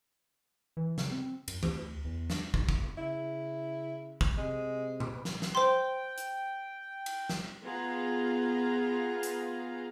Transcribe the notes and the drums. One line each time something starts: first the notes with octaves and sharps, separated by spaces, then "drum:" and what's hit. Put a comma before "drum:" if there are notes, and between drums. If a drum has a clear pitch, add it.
E3
C#3, drum: snare
C4
F#2, drum: cymbal
D2, drum: tom E3
E2
D4, drum: snare
G#2, drum: kick
drum: kick
C#3 E4
drum: kick
C3 G#3
drum: tom A#2
drum: snare
drum: snare
C5 G5 C6
drum: hi-hat
drum: cymbal
drum: snare
B3 F4 G#4 A#5
drum: hi-hat